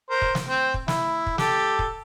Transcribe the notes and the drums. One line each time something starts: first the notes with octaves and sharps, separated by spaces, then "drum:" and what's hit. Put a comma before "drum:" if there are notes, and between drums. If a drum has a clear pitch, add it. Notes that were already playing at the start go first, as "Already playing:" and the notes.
A#4 C5
drum: kick
drum: snare
C4
drum: kick
E4, drum: snare
drum: kick
G4 A4, drum: snare
drum: kick